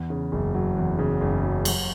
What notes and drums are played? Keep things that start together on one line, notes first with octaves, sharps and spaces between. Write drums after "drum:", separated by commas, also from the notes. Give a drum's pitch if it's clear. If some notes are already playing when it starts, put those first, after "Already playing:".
Already playing: E2
C#3
F#1
F#3
E2
C#3
F#1
F#3
F#2, drum: cymbal